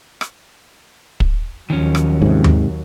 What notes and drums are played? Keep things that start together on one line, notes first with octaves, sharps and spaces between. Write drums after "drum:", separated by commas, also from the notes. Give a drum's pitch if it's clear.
drum: rim click
drum: kick
D#2 D#3 F3 F#3 C#4
drum: rim click
G#2 C3
drum: tom D#2